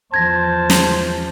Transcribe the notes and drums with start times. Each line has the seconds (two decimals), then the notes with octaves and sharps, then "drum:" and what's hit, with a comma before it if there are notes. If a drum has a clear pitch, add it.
0.14 E2 F3 C5 A5 G#6 A#6
0.70 drum: snare